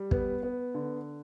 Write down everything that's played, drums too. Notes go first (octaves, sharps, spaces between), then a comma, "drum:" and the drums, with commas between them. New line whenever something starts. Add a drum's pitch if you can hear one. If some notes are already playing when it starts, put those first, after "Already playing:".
Already playing: G3
B3, drum: kick
B3
D3